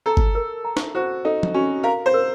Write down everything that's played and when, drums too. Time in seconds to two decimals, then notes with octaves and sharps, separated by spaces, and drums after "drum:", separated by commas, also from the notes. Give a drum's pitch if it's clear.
0.06 A4 A#5
0.17 drum: kick
0.35 A#4
0.65 A#5
0.77 drum: snare
0.95 F#4 C5
1.25 D#4 A4
1.43 drum: tom
1.54 C#4 F#4
1.83 A#4 F5
2.06 C5
2.14 A#4